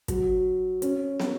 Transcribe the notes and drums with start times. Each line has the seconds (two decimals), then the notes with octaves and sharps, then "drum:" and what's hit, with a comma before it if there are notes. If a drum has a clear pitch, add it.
0.08 F#3, drum: kick, hi-hat
0.82 C#4, drum: hi-hat
1.20 drum: snare